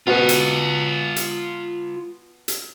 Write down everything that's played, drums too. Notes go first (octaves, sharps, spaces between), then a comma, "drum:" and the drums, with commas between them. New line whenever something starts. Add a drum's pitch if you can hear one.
B2 B3 F4 B4
drum: hi-hat
drum: hi-hat
drum: hi-hat